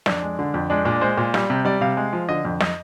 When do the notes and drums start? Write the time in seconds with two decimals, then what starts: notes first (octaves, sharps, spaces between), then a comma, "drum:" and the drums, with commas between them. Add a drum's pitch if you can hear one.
0.06 F2 D4, drum: snare
0.22 G#3
0.39 D3
0.54 F2
0.70 G#3 D4
0.85 A#2 D4
1.01 G#3 C5
1.18 A#2
1.34 G3, drum: snare
1.50 C3
1.65 G3 D5
1.81 C3 F5
1.97 G#3
2.13 F3
2.29 D3 D#5
2.45 F2
2.60 D#5, drum: snare